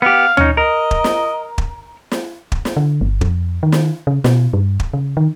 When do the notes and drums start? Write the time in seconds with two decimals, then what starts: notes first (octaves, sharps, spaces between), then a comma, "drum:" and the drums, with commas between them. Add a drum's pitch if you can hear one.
0.02 B3 G4 F5
0.37 C#4 D#4, drum: tom D2
0.57 A#4 D#5
0.91 drum: kick
1.04 drum: snare
1.58 drum: kick
2.11 drum: snare
2.52 drum: kick
2.65 drum: snare
2.77 D3
3.01 G1
3.21 F2, drum: kick
3.63 D#3
3.72 drum: snare
4.07 C#3
4.24 B2, drum: snare
4.53 G2
4.80 drum: kick
4.93 C#3
5.17 D#3